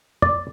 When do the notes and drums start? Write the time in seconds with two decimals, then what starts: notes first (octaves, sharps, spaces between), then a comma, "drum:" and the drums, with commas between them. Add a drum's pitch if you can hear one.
0.22 D5, drum: tom